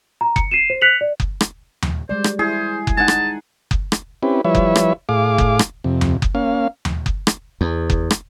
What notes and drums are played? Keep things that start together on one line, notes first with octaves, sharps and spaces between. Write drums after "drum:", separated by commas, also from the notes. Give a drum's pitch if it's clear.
A#5
C#7, drum: kick F#1
C7 D#7 E7
C5
F#6 B6 C#7 F7 F#7
D5
drum: kick F#1
drum: rim click
drum: tom D#2
G3 G#3 C5 D5
drum: rim click
E4 G#4 C5
drum: kick F#1
G#3 D#4 F#5 G#5 A5
drum: rim click
drum: kick F#1
drum: rim click
C4 C#4 E4 G4 B4
F3 G3 E4 B4 C#5 E5
drum: kick F#1
drum: rim click
A2 G#4 F5 D6
drum: kick F#1
drum: rim click
F2 C3
drum: tom D#2
drum: kick F#1
A#3 C#4 F5
drum: tom D#2
drum: kick F#1
drum: rim click
E2
drum: kick F#1
drum: rim click